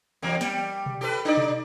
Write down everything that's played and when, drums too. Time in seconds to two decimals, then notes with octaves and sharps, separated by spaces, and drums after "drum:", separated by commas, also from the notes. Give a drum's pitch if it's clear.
0.22 E2 C3 A#3
0.41 G3, drum: snare
0.86 drum: tom B2
1.01 G4 A4 B4
1.25 D4 D#4 D5
1.37 drum: tom B2